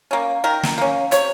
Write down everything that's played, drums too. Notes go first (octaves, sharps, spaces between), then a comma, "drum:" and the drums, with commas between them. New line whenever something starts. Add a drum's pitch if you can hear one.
A#3 C#4
D#3 A#4
drum: snare
A#3 C#4
C3 C#5, drum: hi-hat